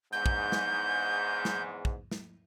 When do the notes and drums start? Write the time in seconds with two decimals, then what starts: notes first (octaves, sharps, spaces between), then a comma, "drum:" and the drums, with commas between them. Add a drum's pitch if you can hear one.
0.12 E2 G#2 G6
0.26 drum: kick
0.52 drum: snare
1.45 drum: snare
1.85 drum: kick
2.11 drum: snare